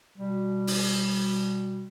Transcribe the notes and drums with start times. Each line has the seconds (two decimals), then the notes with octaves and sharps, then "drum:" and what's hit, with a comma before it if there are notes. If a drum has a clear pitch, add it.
0.19 B2 G3
0.67 drum: open hi-hat